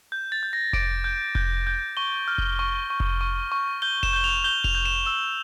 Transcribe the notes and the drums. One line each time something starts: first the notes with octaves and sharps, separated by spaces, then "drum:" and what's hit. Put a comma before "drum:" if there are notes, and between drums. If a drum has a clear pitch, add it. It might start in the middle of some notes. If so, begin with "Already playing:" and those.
G6
A6
G6
A#6
D6 D7, drum: kick F1
G6
G6, drum: kick F1
G6
C#6 G7
F6
drum: kick F1
C#6
C#6
drum: kick F1
C#6
C#6
G6 G7
E7, drum: kick F1
G6 G7
F7
G6 G7
F7, drum: kick F1
G6
E7
E6 E7